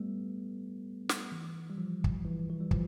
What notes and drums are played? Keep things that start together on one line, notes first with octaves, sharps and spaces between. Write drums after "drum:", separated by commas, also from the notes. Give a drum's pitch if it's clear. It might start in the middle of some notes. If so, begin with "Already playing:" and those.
Already playing: G3 A3 B3
drum: snare
E3
G3
F3
drum: kick
E3
E3
G3
F3, drum: kick